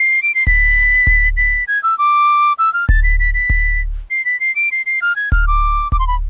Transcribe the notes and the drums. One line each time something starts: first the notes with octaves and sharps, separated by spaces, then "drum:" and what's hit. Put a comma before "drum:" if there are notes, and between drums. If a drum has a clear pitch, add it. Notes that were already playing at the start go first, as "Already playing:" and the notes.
Already playing: C7
D7
C7
B6, drum: kick D1
drum: kick D1
B6
G#6
E6
D6
E6
F6
A6, drum: kick D1
B6
B6
B6
drum: kick D1
C7
B6
C7
D7
C7
C7
F6
G#6
F6, drum: kick D1
D6
D6, drum: kick D1
C6
B5